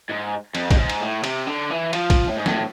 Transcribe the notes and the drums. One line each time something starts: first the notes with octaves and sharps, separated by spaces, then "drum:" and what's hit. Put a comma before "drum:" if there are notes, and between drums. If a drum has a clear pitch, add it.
G#2
F2, drum: cymbal
F2, drum: kick, cymbal
G#2
drum: cymbal
A2
C3, drum: cymbal
D3
E3
F3, drum: cymbal
drum: kick, cymbal
A2
G#2
A2, drum: snare